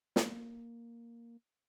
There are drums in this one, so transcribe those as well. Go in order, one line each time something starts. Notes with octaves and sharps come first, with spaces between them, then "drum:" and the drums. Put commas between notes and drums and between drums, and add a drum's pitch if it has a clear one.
A#3, drum: snare